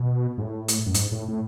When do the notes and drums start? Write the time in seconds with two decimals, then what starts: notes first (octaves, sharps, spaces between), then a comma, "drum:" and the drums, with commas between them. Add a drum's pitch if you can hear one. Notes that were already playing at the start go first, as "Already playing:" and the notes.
Already playing: B2
0.38 G#2
0.42 A2
0.68 drum: hi-hat
0.87 F#2
0.94 G#2, drum: hi-hat
1.12 A2
1.28 A2